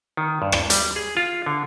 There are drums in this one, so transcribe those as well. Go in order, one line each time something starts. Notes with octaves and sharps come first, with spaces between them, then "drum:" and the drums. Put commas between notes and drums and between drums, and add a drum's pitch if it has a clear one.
D#3
G2
drum: rim click
G3, drum: hi-hat
G#4
F4
D3